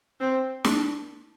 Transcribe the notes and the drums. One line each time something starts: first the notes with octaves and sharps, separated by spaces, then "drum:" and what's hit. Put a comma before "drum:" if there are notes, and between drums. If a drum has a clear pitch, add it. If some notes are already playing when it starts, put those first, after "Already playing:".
C4
D4, drum: snare